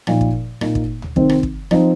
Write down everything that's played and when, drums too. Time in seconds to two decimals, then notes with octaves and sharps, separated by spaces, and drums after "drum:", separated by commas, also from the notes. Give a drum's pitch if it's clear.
0.07 A#2 F3 D#4, drum: rim click
0.21 drum: kick
0.61 A#2 A#3 D#4, drum: rim click
0.75 drum: kick
1.02 drum: tom D2
1.16 C3 D#3 C4 D#4, drum: kick
1.29 drum: rim click
1.43 drum: kick
1.71 F3 C4 D#4, drum: rim click